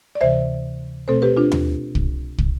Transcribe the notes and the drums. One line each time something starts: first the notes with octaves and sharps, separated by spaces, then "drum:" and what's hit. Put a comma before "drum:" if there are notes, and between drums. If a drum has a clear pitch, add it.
D5
D2 C3 E3 C5 E5
B2 A3 C4 A4 C5
G4 B4
D4 F4
drum: tom D#2
drum: kick
drum: kick